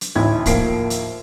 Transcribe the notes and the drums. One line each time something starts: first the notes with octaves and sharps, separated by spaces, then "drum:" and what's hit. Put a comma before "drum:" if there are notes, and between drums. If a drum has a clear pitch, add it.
drum: hi-hat
A1 D2 D#4 E4 B5 G#6
D#2 A2 F3 A#3 C7 D7, drum: kick, hi-hat
drum: hi-hat